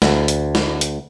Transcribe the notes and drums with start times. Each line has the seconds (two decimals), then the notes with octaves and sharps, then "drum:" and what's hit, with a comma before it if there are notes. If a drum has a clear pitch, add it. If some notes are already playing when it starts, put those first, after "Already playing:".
0.02 D2, drum: snare
0.28 drum: hi-hat
0.55 drum: snare
0.81 drum: hi-hat